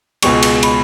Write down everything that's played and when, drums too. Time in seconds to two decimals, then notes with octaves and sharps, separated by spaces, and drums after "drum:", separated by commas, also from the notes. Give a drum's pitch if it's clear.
0.22 C#2 B2 G#3 C#6, drum: cymbal
0.43 drum: cymbal
0.63 B5, drum: cymbal